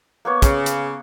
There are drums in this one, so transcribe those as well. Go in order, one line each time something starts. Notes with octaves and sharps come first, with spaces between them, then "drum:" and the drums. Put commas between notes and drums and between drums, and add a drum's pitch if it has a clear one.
A#3 B3 C#5
C#3, drum: kick, hi-hat
drum: hi-hat